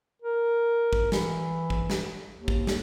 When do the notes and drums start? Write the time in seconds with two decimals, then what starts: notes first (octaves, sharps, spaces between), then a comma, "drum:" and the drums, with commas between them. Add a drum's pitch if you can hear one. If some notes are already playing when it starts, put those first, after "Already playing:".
0.22 A#4
0.93 drum: kick
1.12 E3, drum: snare
1.70 drum: kick
1.90 drum: snare
2.36 D#2
2.48 drum: kick
2.67 drum: snare